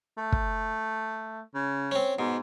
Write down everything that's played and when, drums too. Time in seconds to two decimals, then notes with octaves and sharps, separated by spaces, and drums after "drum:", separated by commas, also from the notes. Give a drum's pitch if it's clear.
0.17 A3
0.32 drum: kick
1.55 C#3
1.92 C4 C#4
2.19 G#2 B2